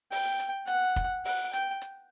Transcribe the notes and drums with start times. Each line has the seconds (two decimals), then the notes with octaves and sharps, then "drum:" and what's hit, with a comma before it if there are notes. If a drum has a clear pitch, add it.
0.12 G5, drum: open hi-hat
0.39 drum: hi-hat
0.67 F#5, drum: hi-hat
0.96 drum: kick, hi-hat
1.25 F#5, drum: open hi-hat
1.53 G5, drum: hi-hat
1.81 drum: hi-hat